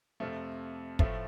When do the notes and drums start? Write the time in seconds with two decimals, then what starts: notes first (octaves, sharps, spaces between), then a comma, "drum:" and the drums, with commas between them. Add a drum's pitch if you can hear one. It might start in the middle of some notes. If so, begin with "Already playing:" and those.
0.20 F2 C3 F3 A3
0.99 A2 F3 A3, drum: kick